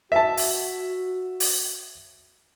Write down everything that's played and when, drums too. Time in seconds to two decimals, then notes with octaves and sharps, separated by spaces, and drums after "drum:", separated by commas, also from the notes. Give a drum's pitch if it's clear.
0.12 F#4 E5 A5
0.37 drum: open hi-hat
1.40 drum: open hi-hat